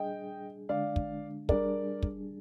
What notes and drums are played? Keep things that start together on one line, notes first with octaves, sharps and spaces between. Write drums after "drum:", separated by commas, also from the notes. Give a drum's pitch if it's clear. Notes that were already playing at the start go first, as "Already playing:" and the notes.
Already playing: G3 D4 G#4 D#5 G5
D3 G#3 D4 D5 F5
drum: kick
G3 D4 G#4 A#4 D5, drum: kick
drum: kick